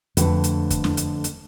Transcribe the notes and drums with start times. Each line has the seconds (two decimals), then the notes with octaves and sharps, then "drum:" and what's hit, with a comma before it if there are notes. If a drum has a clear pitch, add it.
0.17 F2 D3 A3 A4 B4 G5, drum: hi-hat
0.44 drum: hi-hat
0.71 drum: kick E2, hi-hat
0.84 drum: snare
0.97 drum: hi-hat
1.24 drum: hi-hat